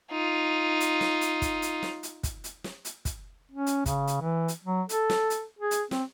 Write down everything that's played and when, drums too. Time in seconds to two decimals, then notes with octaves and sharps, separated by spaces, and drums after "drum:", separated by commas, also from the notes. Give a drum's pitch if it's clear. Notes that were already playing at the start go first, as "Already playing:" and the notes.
0.11 D#4 F4
0.80 drum: hi-hat
1.01 drum: snare
1.21 drum: hi-hat
1.42 drum: kick, hi-hat
1.62 drum: hi-hat
1.83 drum: snare
2.03 drum: hi-hat
2.23 drum: kick, hi-hat
2.44 drum: hi-hat
2.64 drum: snare
2.85 drum: hi-hat
3.05 drum: kick, hi-hat
3.51 C#4
3.66 drum: hi-hat
3.86 C#3, drum: kick, hi-hat
4.07 drum: hi-hat
4.21 E3
4.48 drum: hi-hat
4.64 F#3
4.89 A4, drum: hi-hat
5.10 drum: snare
5.30 drum: hi-hat
5.59 G#4
5.71 drum: hi-hat
5.91 C4, drum: snare